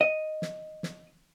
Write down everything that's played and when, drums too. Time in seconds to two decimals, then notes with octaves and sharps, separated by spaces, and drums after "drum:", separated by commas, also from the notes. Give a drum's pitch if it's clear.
0.01 D#5
0.42 drum: snare
0.83 drum: snare